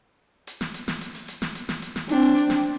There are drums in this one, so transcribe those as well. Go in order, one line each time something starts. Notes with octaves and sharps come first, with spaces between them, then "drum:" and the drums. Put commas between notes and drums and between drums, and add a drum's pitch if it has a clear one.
drum: hi-hat
drum: snare
drum: hi-hat
drum: snare
drum: hi-hat
drum: open hi-hat
drum: hi-hat
drum: snare
drum: hi-hat
drum: snare
drum: hi-hat
drum: snare
C4 D4, drum: hi-hat
drum: open hi-hat
drum: hi-hat
drum: snare